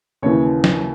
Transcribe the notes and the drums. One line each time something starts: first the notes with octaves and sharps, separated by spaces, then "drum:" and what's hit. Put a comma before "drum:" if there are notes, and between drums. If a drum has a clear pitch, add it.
D#2 C#3 E3 C#5
drum: snare